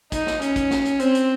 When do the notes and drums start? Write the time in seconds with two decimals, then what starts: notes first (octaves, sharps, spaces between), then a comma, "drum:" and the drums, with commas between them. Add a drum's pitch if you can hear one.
0.12 D#4, drum: kick, hi-hat
0.27 drum: snare
0.42 C#4, drum: hi-hat
0.56 drum: kick, hi-hat
0.71 drum: snare
0.85 drum: hi-hat
0.99 C4, drum: hi-hat
1.15 drum: hi-hat